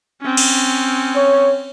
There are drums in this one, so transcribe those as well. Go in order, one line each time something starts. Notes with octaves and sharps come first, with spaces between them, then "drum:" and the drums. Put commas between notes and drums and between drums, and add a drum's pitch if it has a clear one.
C4 C#4
drum: cymbal
C#5